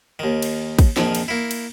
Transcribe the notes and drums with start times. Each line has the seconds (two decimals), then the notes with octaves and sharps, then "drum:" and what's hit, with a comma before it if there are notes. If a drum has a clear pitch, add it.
0.19 D#2 D#3
0.42 drum: cymbal
0.79 drum: kick, cymbal
0.97 A#1 F2 D#3 F3, drum: snare
1.15 drum: cymbal
1.28 A#3 E4
1.51 drum: cymbal